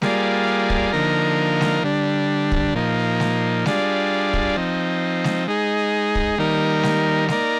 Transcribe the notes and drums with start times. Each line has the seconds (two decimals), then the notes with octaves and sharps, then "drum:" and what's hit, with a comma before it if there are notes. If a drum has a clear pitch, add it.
0.02 G3 A#3 F4 G#4 D5, drum: snare G#3
0.70 drum: kick
0.92 D3 F3 A#3 D#4 A#4
1.61 drum: snare G#3
1.83 D3 G3 D4
2.52 drum: kick
2.74 A#2 F3 A#3 D#4
3.20 drum: snare G#3
3.66 G3 D4 F4 G#4 D5, drum: snare G#3
4.33 drum: kick
4.56 F3 C4 D#4
5.24 drum: snare G#3
5.48 G#3 D#4 G#4
6.15 drum: kick
6.38 D#3 G3 A#3 D#4 A#4
6.83 drum: snare G#3
7.29 A#3 D#4 A#4 D5, drum: snare G#3